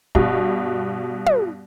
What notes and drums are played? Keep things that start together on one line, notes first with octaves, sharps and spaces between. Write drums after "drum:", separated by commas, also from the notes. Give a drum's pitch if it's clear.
G2 B2, drum: kick
drum: tom